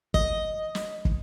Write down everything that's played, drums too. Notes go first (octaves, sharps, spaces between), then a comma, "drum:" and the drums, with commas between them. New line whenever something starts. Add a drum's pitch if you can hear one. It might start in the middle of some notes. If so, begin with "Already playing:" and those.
D#5, drum: kick
drum: snare
drum: kick